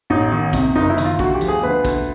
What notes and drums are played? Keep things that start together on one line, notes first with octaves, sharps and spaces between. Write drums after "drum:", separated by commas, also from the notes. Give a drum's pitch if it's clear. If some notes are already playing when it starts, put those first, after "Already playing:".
A1 D#4
D#3
C3, drum: kick, hi-hat
F#1 D#4
E4
D#3, drum: hi-hat
F4
D2 F#4, drum: kick
G4
F3, drum: hi-hat
G#4
D2 B4
D2, drum: kick, hi-hat